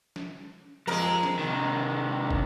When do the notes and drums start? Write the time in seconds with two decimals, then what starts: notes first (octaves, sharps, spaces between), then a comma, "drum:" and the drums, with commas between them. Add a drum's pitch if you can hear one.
0.16 drum: snare
0.87 F2 G#3 A#4
1.23 drum: snare
1.39 C3 D#3
2.31 drum: kick